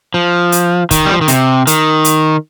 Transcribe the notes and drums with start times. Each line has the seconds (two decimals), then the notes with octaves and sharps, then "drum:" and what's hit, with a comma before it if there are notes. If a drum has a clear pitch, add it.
0.14 F3
0.52 drum: hi-hat
0.91 D#3, drum: kick, hi-hat
1.06 G3
1.13 F3
1.21 D#3
1.28 C3, drum: hi-hat
1.67 D#3, drum: hi-hat
2.05 drum: hi-hat